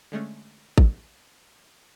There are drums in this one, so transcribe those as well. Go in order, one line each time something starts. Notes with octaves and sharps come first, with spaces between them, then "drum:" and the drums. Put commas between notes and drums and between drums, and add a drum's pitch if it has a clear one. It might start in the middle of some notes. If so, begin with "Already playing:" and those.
D3 G#3 A3 C#4
drum: kick G#1